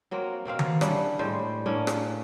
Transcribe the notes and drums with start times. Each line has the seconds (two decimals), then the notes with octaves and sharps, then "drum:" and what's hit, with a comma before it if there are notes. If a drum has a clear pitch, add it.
0.11 F#3 A#3 C4
0.45 B2 A#3 C4 F5
0.59 drum: tom D#3
0.81 G3 C#4 D4 E4, drum: rim click
1.19 A2 G3 G#3 C5
1.66 A2 A#3 C#4 D4
1.87 drum: rim click